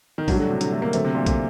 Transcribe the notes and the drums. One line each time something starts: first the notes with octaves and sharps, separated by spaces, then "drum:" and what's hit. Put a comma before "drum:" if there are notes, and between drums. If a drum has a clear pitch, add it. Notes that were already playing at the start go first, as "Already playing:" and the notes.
D#3
A2 F#3 G3 D4 F#4, drum: kick A#1, open hi-hat
D3
C3
D3, drum: hi-hat
A3
A#3
D3 F#3 A3 C4, drum: hi-hat
C3
A#2
A#2, drum: kick A#1, hi-hat